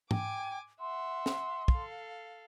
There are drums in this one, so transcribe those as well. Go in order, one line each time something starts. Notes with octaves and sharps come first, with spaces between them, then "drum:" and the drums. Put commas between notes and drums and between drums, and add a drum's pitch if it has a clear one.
G5 G#5 D6, drum: tom G#2
E5 F#5 C6
drum: snare
A4 F5, drum: kick